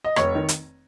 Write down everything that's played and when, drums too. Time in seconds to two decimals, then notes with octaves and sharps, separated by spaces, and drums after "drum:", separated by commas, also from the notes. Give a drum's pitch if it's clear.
0.04 D#5
0.16 F1 C#5, drum: rim click
0.35 D#3
0.49 drum: hi-hat